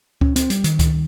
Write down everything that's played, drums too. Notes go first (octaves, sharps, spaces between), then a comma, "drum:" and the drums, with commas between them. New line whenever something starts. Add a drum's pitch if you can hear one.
C#4, drum: kick C#2
C4, drum: hi-hat
G3, drum: hi-hat
D#3, drum: hi-hat
drum: kick C#2, hi-hat